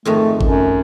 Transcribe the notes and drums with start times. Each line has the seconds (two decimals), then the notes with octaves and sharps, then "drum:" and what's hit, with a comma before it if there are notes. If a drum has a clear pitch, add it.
0.05 F2 G#2 D#3 A3
0.41 F#2, drum: kick A1